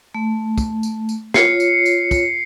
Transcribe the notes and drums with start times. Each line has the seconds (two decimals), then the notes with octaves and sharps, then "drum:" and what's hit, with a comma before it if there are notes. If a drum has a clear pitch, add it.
0.15 A3
0.58 drum: kick, tambourine
0.83 drum: tambourine
1.09 drum: tambourine
1.34 F4 C#5 C7 C#7, drum: snare
1.60 drum: tambourine
1.86 drum: tambourine
2.11 drum: kick, tambourine